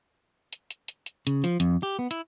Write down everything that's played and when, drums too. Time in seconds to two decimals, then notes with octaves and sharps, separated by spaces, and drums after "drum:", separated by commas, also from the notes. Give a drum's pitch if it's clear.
0.53 drum: hi-hat
0.70 drum: hi-hat
0.88 drum: hi-hat
1.06 drum: hi-hat
1.27 C#3, drum: hi-hat
1.44 F3, drum: hi-hat
1.60 F2, drum: hi-hat
1.83 G4
1.99 B3
2.11 E4, drum: hi-hat